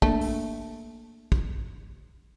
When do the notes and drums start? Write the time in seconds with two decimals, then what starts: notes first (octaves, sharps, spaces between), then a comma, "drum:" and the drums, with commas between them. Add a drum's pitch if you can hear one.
0.02 A3 A#3 D4, drum: kick
0.21 drum: open hi-hat
1.32 drum: kick